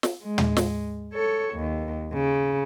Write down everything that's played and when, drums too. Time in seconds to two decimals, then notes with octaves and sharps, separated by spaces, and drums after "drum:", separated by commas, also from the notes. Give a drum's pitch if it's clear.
0.03 drum: snare
0.23 G#3
0.38 drum: tom
0.57 drum: snare
1.14 A4 C#5
1.55 D#2
2.13 C#3